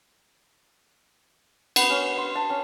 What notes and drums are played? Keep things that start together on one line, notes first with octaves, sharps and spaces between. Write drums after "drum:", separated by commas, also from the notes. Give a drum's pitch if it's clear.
B3, drum: cymbal
C#4
C6
A5
C#4